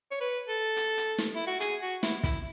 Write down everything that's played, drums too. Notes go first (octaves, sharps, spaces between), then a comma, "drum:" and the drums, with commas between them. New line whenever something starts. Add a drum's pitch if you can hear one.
C#5
B4
A4
drum: hi-hat
drum: hi-hat
drum: snare
E4
F#4
G#4, drum: hi-hat
F#4
E4, drum: snare
E4, drum: kick, hi-hat